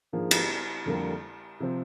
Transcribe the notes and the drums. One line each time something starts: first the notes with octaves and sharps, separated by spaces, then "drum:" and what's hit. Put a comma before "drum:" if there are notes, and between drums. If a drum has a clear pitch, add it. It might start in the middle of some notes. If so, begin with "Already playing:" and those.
G#2 F3 A#3 D4 G#4
drum: cymbal
F2 D3 G3 A#3
C3 F3 C4